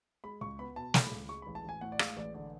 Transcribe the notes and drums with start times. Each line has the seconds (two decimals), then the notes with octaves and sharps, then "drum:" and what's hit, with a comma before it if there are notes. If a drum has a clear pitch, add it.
0.24 G#3 B5
0.41 C#2 C#6
0.59 B3 B5
0.76 B2 A5
0.94 G#3, drum: snare
1.03 B5
1.12 C#2
1.29 G#3 C#6
1.42 A1 B5
1.55 A5
1.64 A1 G#5
1.81 A2 F#5
1.92 D5
1.99 G#3 F5, drum: rim click
2.17 A1 D5
2.34 D3 D5